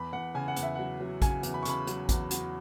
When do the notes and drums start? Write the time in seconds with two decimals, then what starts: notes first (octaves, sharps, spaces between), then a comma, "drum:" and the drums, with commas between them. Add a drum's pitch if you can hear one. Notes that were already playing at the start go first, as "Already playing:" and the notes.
Already playing: E2 B5
0.13 E2 F#5
0.35 C#3 G#5
0.48 F#5
0.56 E2, drum: hi-hat
0.63 E5
0.75 F#3 F#5
1.01 F#3
1.22 C#3 G#5, drum: kick A1, hi-hat
1.43 E2, drum: hi-hat
1.54 B5
1.63 C#6
1.65 C#3 B5, drum: hi-hat
1.87 F#3, drum: hi-hat
2.09 E2, drum: kick A1, hi-hat
2.31 F#3, drum: hi-hat